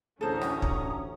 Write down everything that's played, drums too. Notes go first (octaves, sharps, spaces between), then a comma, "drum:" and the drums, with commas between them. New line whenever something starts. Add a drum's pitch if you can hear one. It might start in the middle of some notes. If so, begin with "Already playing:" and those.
A1 D2 A2 C#4 A4 C5 A#5 D#6
drum: rim click
drum: kick